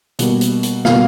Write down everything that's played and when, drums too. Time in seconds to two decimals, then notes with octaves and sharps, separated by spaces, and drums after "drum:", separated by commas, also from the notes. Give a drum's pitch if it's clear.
0.19 B2 G3 A#3, drum: hi-hat
0.41 drum: hi-hat
0.63 drum: hi-hat
0.85 B2 G3 A#3 F5, drum: snare